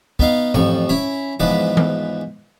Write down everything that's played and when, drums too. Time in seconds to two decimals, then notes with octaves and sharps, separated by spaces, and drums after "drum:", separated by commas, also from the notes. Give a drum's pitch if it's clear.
0.19 B3 D#4 D#5 F5, drum: kick
0.54 A1 F2 F3 C#6, drum: tom G#2
0.89 C#4 E4 B5
1.40 E2 G#2 F3 G#3 B4
1.77 drum: tom D#3